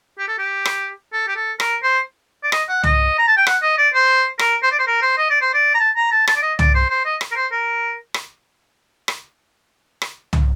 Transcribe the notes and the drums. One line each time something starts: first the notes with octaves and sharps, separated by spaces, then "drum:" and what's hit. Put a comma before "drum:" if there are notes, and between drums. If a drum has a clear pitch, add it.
G4
A4
G4
drum: rim click
A4
G4
A4
A#4, drum: rim click
C5
D5
D#5, drum: rim click
F#5
D#5, drum: tom
A#5
A5
G5
F#5, drum: rim click
D#5
D5
C5
A#4, drum: rim click
C5
D5
C5
A#4
C5
D#5
D5
C5
D5
A#5
A5
A#5
A5
A5, drum: rim click
D5
D#5
D5, drum: tom
C5
C5
D#5
drum: rim click
A#4
C5
A#4
drum: rim click
drum: rim click
drum: rim click
drum: tom